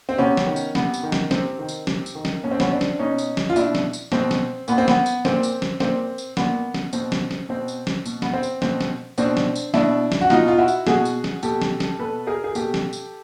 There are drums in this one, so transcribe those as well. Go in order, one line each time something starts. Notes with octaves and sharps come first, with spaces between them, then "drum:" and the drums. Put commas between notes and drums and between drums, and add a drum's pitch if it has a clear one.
C4
C3 B3 C#4
drum: snare
D#3
drum: tambourine
C3 B3, drum: snare
drum: tambourine
D#3
drum: snare
C3 C4, drum: snare
D#3
drum: tambourine
C3, drum: snare
drum: tambourine
D#3
drum: snare
B2 C#4
C4
B3 C#4, drum: snare
C4 D4
drum: snare
B2 C#4 D#4
drum: tambourine
drum: snare
F4
B2 D4 E4, drum: tambourine
drum: snare
drum: tambourine
B2 C4, drum: snare
drum: snare
A#2 B3, drum: tambourine
C4
B3, drum: snare
drum: tambourine
A#2 C4, drum: snare
drum: tambourine
drum: snare
A#2 C4, drum: snare
drum: tambourine
A#2 B3, drum: snare
drum: snare
B2 C4, drum: tambourine
drum: snare
drum: snare
B2 C4
drum: tambourine
drum: snare
B2, drum: tambourine
B3, drum: snare
C4
drum: tambourine
B2 C4, drum: snare
drum: snare
B2 C4 D4, drum: tambourine
drum: snare
drum: tambourine
B2 D4 E4, drum: snare
drum: snare
F#4
B2 D#4 F4, drum: snare
F4
E4 F#4
drum: tambourine
B2 F#4 G#4, drum: snare
drum: tambourine
drum: snare
B2 G4 A4, drum: tambourine
drum: snare
drum: snare
B2 A4 B4
G#4 A#4
G#4
B2 G4 A4, drum: tambourine
drum: snare
drum: tambourine